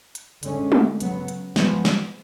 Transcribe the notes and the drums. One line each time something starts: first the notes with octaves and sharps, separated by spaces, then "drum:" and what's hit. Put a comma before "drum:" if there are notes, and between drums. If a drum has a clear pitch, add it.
drum: hi-hat
D3 G#3 C#4, drum: hi-hat
drum: tom
C#3 F#3 B3, drum: hi-hat
drum: hi-hat
F3 G#3 B3, drum: snare
drum: snare